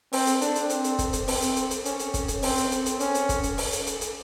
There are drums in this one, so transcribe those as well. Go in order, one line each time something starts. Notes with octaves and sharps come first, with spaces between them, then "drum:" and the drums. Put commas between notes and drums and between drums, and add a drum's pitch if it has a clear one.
C4, drum: open hi-hat
drum: hi-hat
D4, drum: hi-hat
drum: hi-hat
C4, drum: hi-hat
drum: hi-hat
drum: kick, hi-hat
drum: hi-hat
C4, drum: open hi-hat
drum: hi-hat
drum: hi-hat
drum: hi-hat
C#4, drum: hi-hat
drum: hi-hat
drum: kick, hi-hat
drum: hi-hat
C4, drum: open hi-hat
drum: hi-hat
drum: hi-hat
drum: hi-hat
C#4, drum: hi-hat
drum: hi-hat
drum: kick, hi-hat
drum: hi-hat
drum: open hi-hat
drum: hi-hat
drum: hi-hat
drum: hi-hat